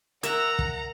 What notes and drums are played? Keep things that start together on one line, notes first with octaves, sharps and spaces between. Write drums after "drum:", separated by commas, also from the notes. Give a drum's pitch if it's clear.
A#4 E5 F#5 A#5 E6 F#6, drum: hi-hat
drum: kick